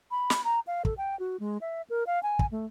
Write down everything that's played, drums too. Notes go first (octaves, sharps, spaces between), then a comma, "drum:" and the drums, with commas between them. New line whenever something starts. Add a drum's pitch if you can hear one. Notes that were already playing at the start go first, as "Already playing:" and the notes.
B5
drum: snare
A#5
F5
A4, drum: kick
G5
F#4
G#3
E5
A#4
F5
G#5
drum: kick
A3